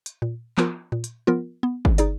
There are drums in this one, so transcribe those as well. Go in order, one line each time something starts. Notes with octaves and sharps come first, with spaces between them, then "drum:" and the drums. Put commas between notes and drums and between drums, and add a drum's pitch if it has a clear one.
drum: hi-hat
A#2
F3 B3 F4 A#4, drum: clap
A#2
drum: hi-hat
F3 B3 F4 A#4
B3
drum: kick
D#4 G#4 D5, drum: hi-hat